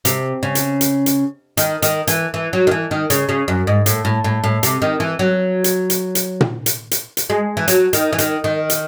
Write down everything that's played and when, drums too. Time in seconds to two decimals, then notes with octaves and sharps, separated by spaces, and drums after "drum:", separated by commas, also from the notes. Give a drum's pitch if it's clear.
0.05 C3, drum: hi-hat
0.43 C#3
0.55 drum: hi-hat
0.81 drum: hi-hat
1.06 drum: hi-hat
1.57 D#3, drum: hi-hat
1.82 D#3, drum: hi-hat
2.07 E3, drum: hi-hat
2.34 E3
2.53 F#3
2.67 D#3
2.71 E3
2.91 D#3
3.10 C#3, drum: hi-hat
3.29 C#3
3.48 F#2
3.67 G#2
3.86 A2, drum: hi-hat
4.05 A2
4.24 A2
4.44 A2
4.63 C3, drum: hi-hat
4.82 D#3
5.00 E3
5.19 F#3
5.64 drum: hi-hat
5.90 drum: hi-hat
6.15 drum: hi-hat
6.41 drum: tom A#2
6.66 drum: hi-hat
6.91 drum: hi-hat
7.17 drum: hi-hat
7.30 G#3
7.57 E3
7.68 F#3, drum: hi-hat
7.93 D#3, drum: hi-hat
8.13 E3
8.18 D#3, drum: hi-hat
8.44 D#3
8.70 drum: hi-hat